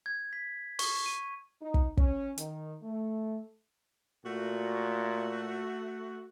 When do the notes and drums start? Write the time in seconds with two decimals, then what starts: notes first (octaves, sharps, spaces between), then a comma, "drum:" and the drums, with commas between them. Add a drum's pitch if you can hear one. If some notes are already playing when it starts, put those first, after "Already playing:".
0.06 G#6
0.33 B6
0.79 C#6, drum: open hi-hat
1.06 D#7
1.61 D#4
1.74 drum: kick
1.97 C#4, drum: kick
2.38 D#3, drum: hi-hat
2.83 A3
4.25 A#2 A3 F#4